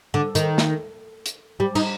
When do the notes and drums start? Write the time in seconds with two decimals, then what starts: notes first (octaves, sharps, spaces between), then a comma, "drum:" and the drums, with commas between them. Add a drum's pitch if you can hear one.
0.14 D3
0.35 D#3, drum: hi-hat
0.58 drum: snare
1.26 drum: hi-hat
1.60 G3
1.75 D#4, drum: cymbal